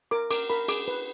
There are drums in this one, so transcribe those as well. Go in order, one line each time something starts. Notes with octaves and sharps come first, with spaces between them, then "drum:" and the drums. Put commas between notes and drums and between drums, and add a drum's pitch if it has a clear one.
A#4 D6
A#4 D6, drum: cymbal
A#4 B5
G#4 D6, drum: cymbal
B4